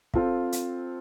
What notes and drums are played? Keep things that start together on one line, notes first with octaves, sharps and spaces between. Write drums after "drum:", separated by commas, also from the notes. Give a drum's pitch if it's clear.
C4 F4 A4 F5, drum: kick
drum: hi-hat